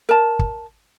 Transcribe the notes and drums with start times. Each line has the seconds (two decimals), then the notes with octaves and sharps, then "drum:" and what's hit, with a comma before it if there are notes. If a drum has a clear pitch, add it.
0.09 A#4 A5
0.39 drum: kick